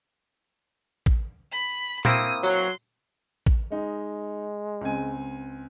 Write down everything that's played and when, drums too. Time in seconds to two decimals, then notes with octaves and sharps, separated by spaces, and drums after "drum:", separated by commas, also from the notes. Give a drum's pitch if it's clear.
1.06 drum: kick
1.52 B5
2.05 A#3 C4 E4 D#6, drum: tom A#2
2.44 F#3 C6, drum: tambourine
3.46 drum: kick
3.72 G#3 D#4
4.81 C#2 C4 G#5